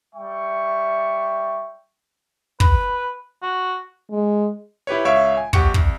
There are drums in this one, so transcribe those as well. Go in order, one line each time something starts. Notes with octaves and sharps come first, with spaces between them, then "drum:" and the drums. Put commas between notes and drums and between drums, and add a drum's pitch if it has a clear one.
G3 E5 G5 C#6
B4, drum: kick
F#4
G#3
E4 G4 B4 C#5
C#2 C#5 E5 F5 C#6 D7
G#5
A#1 G4 F#5 G5 C#6 C#7, drum: kick
C2, drum: kick